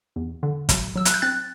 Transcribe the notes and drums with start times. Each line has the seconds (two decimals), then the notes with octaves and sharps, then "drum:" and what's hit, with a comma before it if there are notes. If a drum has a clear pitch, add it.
0.16 E2
0.43 D3
0.69 F#3, drum: kick, hi-hat
0.96 F#3 E6
1.05 F#6, drum: hi-hat
1.14 G6
1.22 C4 F#6 A6